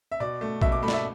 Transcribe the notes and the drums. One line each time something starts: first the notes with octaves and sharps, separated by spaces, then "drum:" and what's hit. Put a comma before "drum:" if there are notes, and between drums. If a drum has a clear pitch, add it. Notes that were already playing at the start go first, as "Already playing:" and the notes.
E5
B2 D5
A3
B2 E5, drum: kick A#1
D6
A3 B5
D5, drum: snare
E5